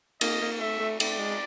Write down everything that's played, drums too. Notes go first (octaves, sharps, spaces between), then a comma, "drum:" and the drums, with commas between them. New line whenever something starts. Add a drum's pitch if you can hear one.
A#3 D#5, drum: cymbal
A#3
A3 E5
A3
A3 D5, drum: cymbal
G#3